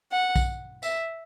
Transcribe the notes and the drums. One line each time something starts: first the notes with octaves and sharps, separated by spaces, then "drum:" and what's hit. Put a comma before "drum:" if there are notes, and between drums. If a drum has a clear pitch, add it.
F#5
drum: kick B1, tambourine
E5, drum: tambourine